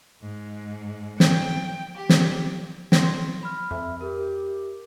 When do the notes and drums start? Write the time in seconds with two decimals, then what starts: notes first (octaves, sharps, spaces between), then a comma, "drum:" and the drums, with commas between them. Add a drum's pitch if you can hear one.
0.22 G#2
1.20 G5, drum: snare
1.95 G4
2.09 drum: snare
2.92 G5 C6 A#6, drum: snare
3.43 B5 F6
3.71 F2 E5
4.01 G4 A#4